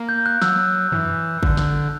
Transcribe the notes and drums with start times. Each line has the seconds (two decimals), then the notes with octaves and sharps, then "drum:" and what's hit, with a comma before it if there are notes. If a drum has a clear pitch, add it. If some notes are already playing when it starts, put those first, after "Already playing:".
Already playing: A#3
0.09 G6
0.26 F#6
0.42 F#3 E6, drum: snare
0.92 E3, drum: tom
1.43 D3, drum: kick
1.57 drum: snare